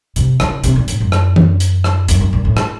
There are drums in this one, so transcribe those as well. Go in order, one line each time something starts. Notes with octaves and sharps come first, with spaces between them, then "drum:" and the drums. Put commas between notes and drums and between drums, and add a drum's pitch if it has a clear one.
C3, drum: hi-hat
C#3, drum: rim click
C3, drum: hi-hat
A#2
A2, drum: hi-hat
F#2
drum: rim click
drum: tom E3
drum: hi-hat
drum: rim click
F#2, drum: hi-hat
F#2
A#2
A2
drum: rim click